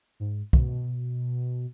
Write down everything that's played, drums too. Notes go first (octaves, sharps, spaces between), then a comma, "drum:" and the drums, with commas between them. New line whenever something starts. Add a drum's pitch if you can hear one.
G#2
B2, drum: kick